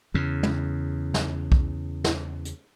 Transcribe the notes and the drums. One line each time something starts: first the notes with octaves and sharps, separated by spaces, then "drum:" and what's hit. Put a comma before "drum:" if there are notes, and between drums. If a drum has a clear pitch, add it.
E2 C#3
drum: tom
drum: snare
drum: kick B1
drum: snare
drum: hi-hat